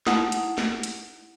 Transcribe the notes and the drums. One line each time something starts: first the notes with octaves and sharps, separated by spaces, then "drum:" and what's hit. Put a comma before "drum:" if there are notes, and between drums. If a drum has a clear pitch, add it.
D#4 E4 F#5 D#6, drum: snare
drum: hi-hat
drum: snare
drum: hi-hat